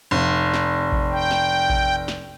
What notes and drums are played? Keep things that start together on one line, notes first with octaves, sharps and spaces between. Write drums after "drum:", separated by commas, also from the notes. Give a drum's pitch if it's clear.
F1
drum: snare
drum: kick A1
G5
drum: snare
drum: kick A1
drum: snare